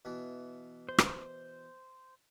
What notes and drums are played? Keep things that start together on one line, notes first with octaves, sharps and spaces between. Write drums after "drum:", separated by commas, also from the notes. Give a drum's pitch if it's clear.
B2 E3
C5
drum: rim click